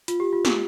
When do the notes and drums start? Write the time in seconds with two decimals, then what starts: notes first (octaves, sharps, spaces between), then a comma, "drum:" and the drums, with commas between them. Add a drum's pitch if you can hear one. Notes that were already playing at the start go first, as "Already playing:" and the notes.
0.08 F4, drum: hi-hat
0.20 G4
0.33 F4
0.45 drum: snare